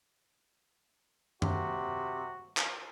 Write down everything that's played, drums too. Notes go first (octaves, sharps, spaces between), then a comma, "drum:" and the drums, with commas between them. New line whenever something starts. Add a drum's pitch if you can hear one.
C3 F#4, drum: tom F#2
drum: clap